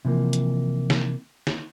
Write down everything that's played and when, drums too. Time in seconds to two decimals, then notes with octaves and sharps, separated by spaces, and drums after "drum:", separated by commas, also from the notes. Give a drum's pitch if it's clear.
0.05 C3 E3 F3 A#3
0.33 drum: hi-hat
0.90 drum: snare
1.47 drum: snare